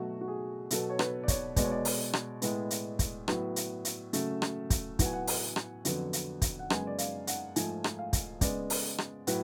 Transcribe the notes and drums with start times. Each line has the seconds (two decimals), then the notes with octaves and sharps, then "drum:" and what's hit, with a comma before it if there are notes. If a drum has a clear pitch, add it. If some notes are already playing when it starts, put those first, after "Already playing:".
Already playing: B2 F#3 A3 F#4
0.21 F#4
0.28 G#4
0.71 B2 F#3 B3 A4, drum: hi-hat
0.90 C#5
0.99 B4, drum: rim click
1.23 D5
1.28 C#5, drum: kick, hi-hat
1.56 B2 G#3 B3 D5, drum: kick, hi-hat
1.64 C#5
1.72 D5
1.85 drum: open hi-hat
2.13 drum: rim click
2.42 A2 G#3 B3, drum: hi-hat
2.71 drum: hi-hat
2.99 drum: kick, hi-hat
3.28 A2 F#3 B3, drum: rim click
3.56 drum: hi-hat
3.85 drum: hi-hat
4.13 C#3 F#3 A3, drum: hi-hat
4.42 drum: rim click
4.70 drum: kick, hi-hat
4.99 A2 F#3 B3 F#5, drum: kick, hi-hat
5.06 G#5
5.13 F#5
5.27 drum: open hi-hat
5.56 drum: rim click
5.85 F2 D3 F#3 B3, drum: hi-hat
6.13 drum: hi-hat
6.42 drum: kick, hi-hat
6.59 F#5
6.70 F#2 C#3 G#3 B3 G#5, drum: rim click
6.87 D5
6.98 F5, drum: hi-hat
7.27 F#5, drum: hi-hat
7.56 G#2 F3 A3 G#5, drum: hi-hat
7.84 drum: rim click
7.99 F5
8.13 drum: kick, hi-hat
8.41 C#3 G#3 B3 D5, drum: kick, hi-hat
8.70 drum: open hi-hat
8.98 drum: rim click
9.27 A2 F#3 B4, drum: hi-hat